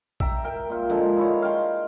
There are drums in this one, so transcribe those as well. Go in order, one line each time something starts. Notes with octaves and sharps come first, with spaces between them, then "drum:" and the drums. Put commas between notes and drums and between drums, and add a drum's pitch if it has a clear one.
E5 G5 A#5, drum: kick A#1
A#4 G5
A#2 F4
D3 F3 G#3
D#4 E4 C#5
F5 G5 C6